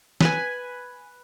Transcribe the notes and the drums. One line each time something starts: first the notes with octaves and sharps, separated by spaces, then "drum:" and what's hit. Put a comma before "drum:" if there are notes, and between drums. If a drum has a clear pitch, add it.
B4 G#5, drum: snare